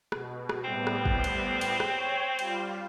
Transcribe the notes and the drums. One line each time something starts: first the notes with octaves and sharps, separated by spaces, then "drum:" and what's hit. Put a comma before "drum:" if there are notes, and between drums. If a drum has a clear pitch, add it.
B2, drum: rim click
drum: rim click
A2 G3 B3 C4
drum: rim click
drum: kick
drum: cymbal
drum: cymbal
drum: rim click
C#5 G5
G3 F4, drum: cymbal